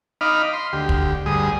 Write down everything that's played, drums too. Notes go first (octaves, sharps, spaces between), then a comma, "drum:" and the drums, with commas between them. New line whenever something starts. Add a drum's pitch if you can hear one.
D#4 D#5 F5 B5 D6 F6
C6
D2 G4
drum: kick
D2 G2 G#4 D#6